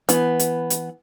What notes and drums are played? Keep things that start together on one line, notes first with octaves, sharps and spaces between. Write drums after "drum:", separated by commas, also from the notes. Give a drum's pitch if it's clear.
E3 B3, drum: hi-hat
drum: hi-hat
drum: hi-hat